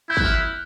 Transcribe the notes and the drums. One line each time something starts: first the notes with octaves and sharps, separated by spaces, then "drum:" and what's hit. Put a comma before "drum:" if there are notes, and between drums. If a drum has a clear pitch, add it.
E4 G6
F#6, drum: kick
F6
F#6